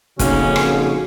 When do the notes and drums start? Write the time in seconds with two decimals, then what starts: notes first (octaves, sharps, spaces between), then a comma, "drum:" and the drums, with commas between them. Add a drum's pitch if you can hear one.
0.19 F2 A#2 C#3 A#3 C4 C#4 D#4 F#4, drum: kick, hi-hat
0.56 drum: rim click